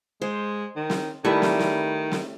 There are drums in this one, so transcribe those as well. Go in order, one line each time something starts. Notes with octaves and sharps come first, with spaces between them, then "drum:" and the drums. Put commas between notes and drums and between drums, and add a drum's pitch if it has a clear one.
G#3 C5
D#3
drum: snare
D#3 G3 A3 E4 B4 C#6
drum: snare
drum: snare
drum: snare